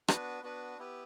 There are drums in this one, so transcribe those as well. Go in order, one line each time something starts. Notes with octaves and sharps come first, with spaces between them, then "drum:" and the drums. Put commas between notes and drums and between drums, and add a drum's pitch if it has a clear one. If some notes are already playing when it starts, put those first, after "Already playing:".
B3 D4 F#4 B4, drum: rim click
B3 D4 F#4 B4
B3 E4 G4 B4